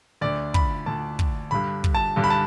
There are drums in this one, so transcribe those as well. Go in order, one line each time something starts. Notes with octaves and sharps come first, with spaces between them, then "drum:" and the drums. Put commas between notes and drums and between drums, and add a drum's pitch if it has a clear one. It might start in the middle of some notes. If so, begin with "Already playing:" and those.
D2 D3 D5
B5, drum: kick
D2 D3 A5
drum: kick
G2 D3 B5
drum: kick
A5
G2 D3
B5
A5